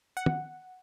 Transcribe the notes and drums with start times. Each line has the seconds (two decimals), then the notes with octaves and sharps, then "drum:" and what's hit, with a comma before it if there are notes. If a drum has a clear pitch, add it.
0.17 F#5
0.26 drum: tom